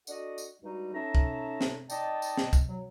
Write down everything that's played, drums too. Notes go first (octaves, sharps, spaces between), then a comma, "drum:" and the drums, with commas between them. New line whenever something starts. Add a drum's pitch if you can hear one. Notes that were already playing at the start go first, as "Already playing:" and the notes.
D4 F#4 A4 D#5 F#5, drum: tambourine
drum: tambourine
G2 G3 G#3 D#4 F#4
C#4 D#4 A4 E5 A5 A#5
drum: kick
drum: snare
D#4 D5 D#5 G5 A5, drum: tambourine
drum: tambourine
drum: snare
drum: kick, tambourine
F#3